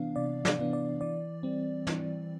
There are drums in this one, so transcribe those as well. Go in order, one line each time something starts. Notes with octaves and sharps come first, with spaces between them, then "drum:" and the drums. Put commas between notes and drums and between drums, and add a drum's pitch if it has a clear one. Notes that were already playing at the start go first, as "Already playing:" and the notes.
Already playing: C3 E3 B3 D4 F5
C3 D5
D5, drum: snare
E3 B3 D4
D5
E3 D5
G3 C4
E3, drum: snare